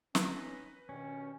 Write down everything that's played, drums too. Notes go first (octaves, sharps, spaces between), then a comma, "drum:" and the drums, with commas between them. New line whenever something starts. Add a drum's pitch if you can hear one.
C#4 D#4 B4, drum: snare
G2 B2 D#3 C#4